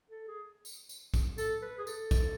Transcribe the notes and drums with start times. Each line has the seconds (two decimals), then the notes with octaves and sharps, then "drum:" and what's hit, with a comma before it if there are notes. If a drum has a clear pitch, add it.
0.10 A4
0.28 G#4
0.65 drum: tambourine
0.89 drum: tambourine
1.14 drum: kick, tambourine
1.38 A4, drum: tambourine
1.62 B4
1.78 G#4
1.87 A4, drum: tambourine
2.11 drum: kick, tambourine